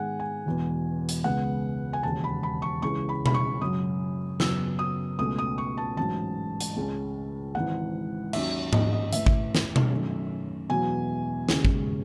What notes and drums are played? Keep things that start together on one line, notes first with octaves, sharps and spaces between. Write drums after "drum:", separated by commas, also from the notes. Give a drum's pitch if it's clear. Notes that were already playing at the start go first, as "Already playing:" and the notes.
Already playing: G#2 D#3 G#3 B3 F#5 G#5
G#5
E1 E2 B2
drum: hi-hat
C#2 C#3 G#3 B3 F#5
G#5
E1 D#2 C#3 A5
B5
B5
C#6
C#2 C#3 E3 G#3 C#6
B5
B5, drum: tom B2
C#6
F#2 C#3 F#3 D#6
F#2 C#3 F#3 B3 E6, drum: snare
D#6
C#2 B2 A3 C#4 D#6
D#6
C#6
A5
A1 G#2 F#3 C#4 A5
drum: hi-hat
C#2 C#3 G#3 C#4
G#1 G#2 E3 F#5
D#2 D#3 F#3 C#4 E5, drum: cymbal
D#5, drum: tom G#2
D#5
A1 A2 E3 E5, drum: hi-hat
drum: kick
drum: snare
drum: tom B2
F#2 D#3 A3 C#4
E1 E2 B2 F#3 G#5
E1 D#2 C#3 G#3 C#4, drum: snare
drum: kick